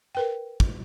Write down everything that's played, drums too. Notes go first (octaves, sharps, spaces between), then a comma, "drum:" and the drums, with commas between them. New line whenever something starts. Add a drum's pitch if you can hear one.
A#4 B4 G5
drum: kick